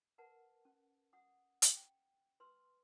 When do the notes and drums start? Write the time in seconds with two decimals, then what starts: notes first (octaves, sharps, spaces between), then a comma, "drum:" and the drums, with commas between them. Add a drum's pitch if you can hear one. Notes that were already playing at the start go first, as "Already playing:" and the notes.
0.18 A#4 B4 F#5 A5
0.65 C#4
1.13 F#5 D#6
1.62 drum: hi-hat
1.77 G5
2.40 B4 C6 E6